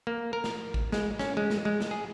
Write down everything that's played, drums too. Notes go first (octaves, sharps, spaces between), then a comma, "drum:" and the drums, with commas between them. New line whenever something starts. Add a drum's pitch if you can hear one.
A#3
A#4
drum: snare
drum: kick A1
G#3, drum: snare
C#4, drum: snare
G#3
drum: snare
G#3
drum: snare
G#4